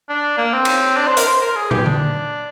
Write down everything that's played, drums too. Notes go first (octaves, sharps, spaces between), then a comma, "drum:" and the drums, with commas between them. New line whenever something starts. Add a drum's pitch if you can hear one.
D4
A#3
C4
drum: cymbal
D4
C5
A#4, drum: hi-hat
C5
A#4
G#4
G4, drum: tom
D4, drum: tom D3